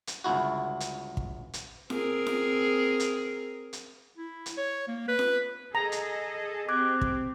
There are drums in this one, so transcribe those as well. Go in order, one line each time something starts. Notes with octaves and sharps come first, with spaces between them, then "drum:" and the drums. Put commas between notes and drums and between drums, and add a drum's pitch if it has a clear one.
drum: hi-hat
G1 C#2 E4 F#4
drum: hi-hat
drum: kick
drum: hi-hat
C4 G#4 A#4, drum: snare F4
drum: snare F4
drum: hi-hat
drum: hi-hat
E4
drum: hi-hat
C#5
A#3
B4
drum: snare F4
G#4 A4 D#5 A#5
drum: hi-hat
C4 G4 D6 F#6 G#6
drum: kick